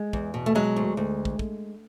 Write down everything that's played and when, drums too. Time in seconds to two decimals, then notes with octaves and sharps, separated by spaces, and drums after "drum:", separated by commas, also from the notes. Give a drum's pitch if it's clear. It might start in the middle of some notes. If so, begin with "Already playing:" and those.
Already playing: G#3
0.13 E2, drum: kick
0.34 B2
0.46 A3
0.55 F#3 G#3
0.76 D2
0.97 D2
1.25 drum: kick
1.39 drum: kick